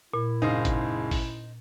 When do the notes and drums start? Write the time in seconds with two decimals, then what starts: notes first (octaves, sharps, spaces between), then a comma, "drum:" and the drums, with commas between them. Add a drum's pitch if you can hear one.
0.14 A#2 E4
0.42 F#1 G#2 D#4 C5 F5
0.65 drum: kick G#1, hi-hat
1.11 drum: kick G#1, open hi-hat